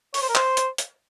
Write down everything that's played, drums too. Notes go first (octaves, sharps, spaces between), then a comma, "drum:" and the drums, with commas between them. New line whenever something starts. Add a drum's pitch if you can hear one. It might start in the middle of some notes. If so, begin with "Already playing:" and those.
C#5, drum: open hi-hat
C5
A#4
C5, drum: clap
drum: hi-hat
drum: hi-hat